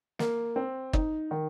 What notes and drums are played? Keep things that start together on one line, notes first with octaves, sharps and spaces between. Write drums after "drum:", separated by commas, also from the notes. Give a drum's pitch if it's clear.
A#3, drum: snare
C4
D#4, drum: kick
D#3